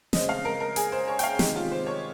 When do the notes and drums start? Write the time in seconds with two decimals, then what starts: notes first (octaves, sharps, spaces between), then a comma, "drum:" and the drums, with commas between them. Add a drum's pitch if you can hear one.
0.13 C#3 G#3 C4 D#5, drum: snare
0.29 F5
0.45 A#4
0.60 A#4
0.76 G#4, drum: hi-hat
0.92 C5
1.08 C#5
1.19 G5, drum: hi-hat
1.23 F5
1.39 C3 D#3 G#3 D#4 G4, drum: snare
1.56 F4
1.71 C5
1.86 C#5